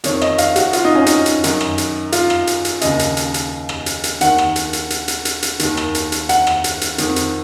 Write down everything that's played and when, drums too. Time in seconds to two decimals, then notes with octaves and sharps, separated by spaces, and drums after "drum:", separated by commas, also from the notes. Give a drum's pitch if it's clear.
0.04 F2 D#3 C#5, drum: hi-hat
0.22 D#5, drum: rim click
0.38 F5, drum: hi-hat
0.56 F#4, drum: hi-hat
0.73 F4, drum: hi-hat
0.85 D#4
0.95 C#4
1.06 D#4, drum: hi-hat
1.26 drum: hi-hat
1.44 F#2 D#3, drum: hi-hat
1.60 drum: rim click
1.78 drum: hi-hat
2.12 F4, drum: hi-hat
2.30 drum: rim click
2.47 drum: hi-hat
2.65 drum: hi-hat
2.81 D#2 C#3 D#5, drum: hi-hat
2.99 drum: hi-hat
3.17 drum: hi-hat
3.34 drum: hi-hat
3.69 drum: rim click
3.86 drum: hi-hat
4.04 drum: hi-hat
4.21 D#2 D#3 F#5, drum: hi-hat
4.38 drum: rim click
4.56 drum: hi-hat
4.73 drum: hi-hat
4.90 drum: hi-hat
5.08 drum: hi-hat
5.25 drum: hi-hat
5.43 drum: hi-hat
5.59 D#2 D#3, drum: hi-hat
5.77 drum: rim click
5.95 drum: hi-hat
6.12 drum: hi-hat
6.29 F#5, drum: hi-hat
6.47 drum: rim click
6.64 drum: hi-hat
6.81 drum: hi-hat
6.98 F2 D#3, drum: hi-hat
7.16 drum: hi-hat